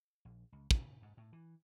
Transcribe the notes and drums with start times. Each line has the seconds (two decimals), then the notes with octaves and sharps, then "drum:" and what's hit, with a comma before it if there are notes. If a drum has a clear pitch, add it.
0.25 A#1
0.52 C#2
0.71 C#3, drum: kick
1.02 G#2
1.17 A2
1.33 E3